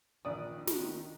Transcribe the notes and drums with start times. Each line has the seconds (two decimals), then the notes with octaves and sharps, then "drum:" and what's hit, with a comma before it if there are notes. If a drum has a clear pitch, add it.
0.25 A#1 D#3 D5 D#6
0.67 drum: snare